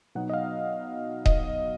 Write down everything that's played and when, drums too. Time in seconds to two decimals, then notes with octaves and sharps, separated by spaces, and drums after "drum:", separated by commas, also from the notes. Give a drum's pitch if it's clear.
0.15 B2 F#3 B3 D#4 F#5
0.29 D#5
0.34 F5
1.26 D#5, drum: kick D#1